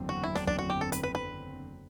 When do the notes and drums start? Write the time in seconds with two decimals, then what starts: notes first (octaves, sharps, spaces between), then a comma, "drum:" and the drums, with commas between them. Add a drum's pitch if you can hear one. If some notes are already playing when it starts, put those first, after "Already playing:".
Already playing: F#1 E2 D3 F#3 C4
0.09 F#4
0.24 E4
0.35 D4, drum: snare
0.47 D4, drum: kick
0.59 F#4
0.70 G4
0.81 A4
0.92 B4, drum: hi-hat
1.03 B4
1.15 B4